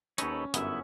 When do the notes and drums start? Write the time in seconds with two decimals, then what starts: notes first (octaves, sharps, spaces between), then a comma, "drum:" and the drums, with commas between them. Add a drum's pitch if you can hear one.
0.18 D#2 C#4 D#4 A4 B4 C#5, drum: hi-hat
0.54 G1 F#2 B3 E4 E5, drum: hi-hat